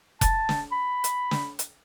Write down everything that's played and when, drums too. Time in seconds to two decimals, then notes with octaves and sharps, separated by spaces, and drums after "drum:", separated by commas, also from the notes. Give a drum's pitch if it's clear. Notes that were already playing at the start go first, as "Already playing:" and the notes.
0.21 A5, drum: kick F1, hi-hat
0.49 drum: snare
0.72 B5
1.04 drum: hi-hat
1.31 drum: snare
1.59 drum: hi-hat